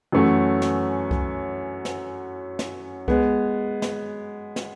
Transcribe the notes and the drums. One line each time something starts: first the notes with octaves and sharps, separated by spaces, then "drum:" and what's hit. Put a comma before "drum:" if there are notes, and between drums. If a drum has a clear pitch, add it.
F#2 E3 A3 C#4 F#4
drum: snare
drum: kick C2
drum: snare
drum: snare
G#3 B3, drum: kick C2
drum: snare
drum: snare